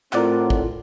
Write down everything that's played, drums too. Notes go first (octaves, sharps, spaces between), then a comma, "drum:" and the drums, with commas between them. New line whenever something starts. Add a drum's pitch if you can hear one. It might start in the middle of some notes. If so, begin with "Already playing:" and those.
A2 C4 F4 A#4 D5 F#5, drum: clap
drum: kick G#1